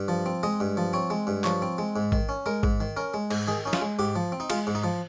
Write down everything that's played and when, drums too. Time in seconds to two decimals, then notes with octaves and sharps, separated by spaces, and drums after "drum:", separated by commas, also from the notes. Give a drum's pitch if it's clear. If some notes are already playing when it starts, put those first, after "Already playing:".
Already playing: G2
0.08 F3
0.26 C4
0.43 G#3 D#5
0.60 G2
0.77 F3
0.93 C4 C#5
1.10 G#3
1.27 G2
1.44 F3 C#5, drum: clap
1.62 C4
1.78 G#3
1.96 G#2
2.12 D#3, drum: kick A1
2.29 C#4
2.46 G#3 A#4
2.63 G#2, drum: kick A1
2.80 D#3
2.97 C#4 A#4
3.14 G#3
3.31 G#2, drum: cymbal
3.48 D#3 G#4
3.65 C#4 D#4
3.73 F4, drum: snare
3.81 G#3
3.99 G#2 G4
4.16 F3
4.32 C4
4.40 D#4
4.50 G#3 F4, drum: cymbal
4.67 G#2
4.75 D#4
4.84 F3